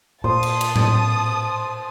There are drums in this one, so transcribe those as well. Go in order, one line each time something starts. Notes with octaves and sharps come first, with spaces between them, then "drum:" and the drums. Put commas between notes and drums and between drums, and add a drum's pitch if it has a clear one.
A#2 C5 A5 D#6
drum: cymbal
drum: cymbal
drum: tom A2